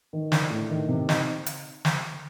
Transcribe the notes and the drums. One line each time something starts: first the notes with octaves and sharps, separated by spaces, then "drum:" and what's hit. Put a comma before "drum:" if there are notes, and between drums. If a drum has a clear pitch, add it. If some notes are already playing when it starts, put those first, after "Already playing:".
D#3
D4, drum: snare
A2
D#3
C3
D#4, drum: snare
drum: hi-hat
drum: snare